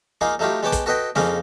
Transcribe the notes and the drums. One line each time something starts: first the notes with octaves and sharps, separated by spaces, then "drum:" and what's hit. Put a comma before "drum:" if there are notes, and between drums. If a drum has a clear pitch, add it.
G#3 A#3 D#4 F4 G#4
F#3 A3 D#4 F4 G4
G#3 B3 C#5 G5 A5 D6
drum: kick, hi-hat
F#4 A4 B4 D#5 G5
F2 C#3 G#3 A#3 C#4 D#4, drum: snare